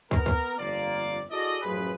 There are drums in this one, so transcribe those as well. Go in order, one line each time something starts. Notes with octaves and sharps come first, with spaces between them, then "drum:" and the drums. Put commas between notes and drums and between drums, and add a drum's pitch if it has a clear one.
B3 A#4, drum: kick
drum: kick
G1 F2 A#3 D5
E4 F#4 G#4 A4 D5 D#5
A1 F#2 F3 G#4 B4